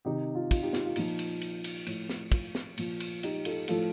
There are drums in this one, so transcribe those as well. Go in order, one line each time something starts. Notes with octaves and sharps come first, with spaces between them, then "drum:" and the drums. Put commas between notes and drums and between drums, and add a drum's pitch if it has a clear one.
C3 D#3 D#4 G4
F4
F4, drum: kick, cymbal
D#4 G4
F4, drum: snare
F4
A#2 F3 D#4, drum: cymbal
drum: cymbal
drum: cymbal
drum: cymbal
A2 F3, drum: cymbal
drum: snare
F4, drum: kick, cymbal
drum: snare
A#2 F3, drum: cymbal
drum: cymbal
D#4 G4, drum: cymbal
F4 A4, drum: cymbal
A2 F3 F4 A4, drum: cymbal